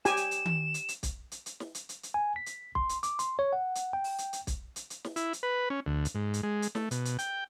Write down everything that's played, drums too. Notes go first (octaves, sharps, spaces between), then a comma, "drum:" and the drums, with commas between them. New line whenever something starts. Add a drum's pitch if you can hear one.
G4 G#5 E7, drum: hi-hat
drum: hi-hat
drum: hi-hat
drum: tom D#3
drum: hi-hat
drum: hi-hat
drum: kick, hi-hat
drum: hi-hat
drum: hi-hat
drum: snare
drum: hi-hat
drum: hi-hat
drum: hi-hat
G#5
B6
drum: hi-hat
C6, drum: kick
drum: hi-hat
D6, drum: hi-hat
C6, drum: hi-hat
C#5
F#5
drum: hi-hat
G5
drum: open hi-hat
drum: hi-hat
drum: hi-hat
drum: kick, hi-hat
drum: hi-hat
drum: hi-hat
drum: snare
E4, drum: hi-hat
drum: hi-hat
B4
C#4
D2
drum: hi-hat
G#2
drum: hi-hat
G#3
drum: hi-hat
A3, drum: snare
B2, drum: hi-hat
drum: hi-hat
G5, drum: hi-hat